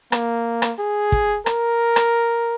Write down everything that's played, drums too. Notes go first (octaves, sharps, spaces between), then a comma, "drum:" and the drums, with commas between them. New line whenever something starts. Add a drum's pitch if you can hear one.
A#3, drum: rim click
drum: rim click
G#4
drum: kick
A#4, drum: rim click
drum: rim click